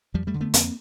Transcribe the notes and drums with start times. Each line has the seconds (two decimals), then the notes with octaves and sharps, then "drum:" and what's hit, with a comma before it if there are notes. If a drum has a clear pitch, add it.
0.14 F2 F3 G3
0.27 G3 A3
0.34 D3
0.41 A3 B3
0.54 F2 A#3 C4, drum: hi-hat